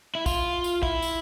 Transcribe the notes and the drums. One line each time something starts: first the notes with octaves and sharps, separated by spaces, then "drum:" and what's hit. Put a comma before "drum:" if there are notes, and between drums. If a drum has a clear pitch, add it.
E4
F4, drum: kick, tambourine
drum: tambourine
E4, drum: kick
drum: tambourine